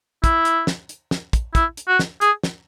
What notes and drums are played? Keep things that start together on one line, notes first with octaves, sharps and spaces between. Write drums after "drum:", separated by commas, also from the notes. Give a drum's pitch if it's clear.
E4, drum: kick, hi-hat
drum: hi-hat
drum: snare
drum: hi-hat
drum: snare
drum: kick, hi-hat
E4, drum: kick, hi-hat
drum: hi-hat
F#4
drum: snare
G#4, drum: hi-hat
drum: snare